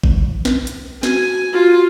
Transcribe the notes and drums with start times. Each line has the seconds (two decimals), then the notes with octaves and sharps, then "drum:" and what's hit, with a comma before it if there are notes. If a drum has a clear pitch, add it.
0.04 drum: kick A1
0.45 drum: snare
0.67 drum: hi-hat
1.03 F#4 G#5, drum: snare
1.52 F4 F#4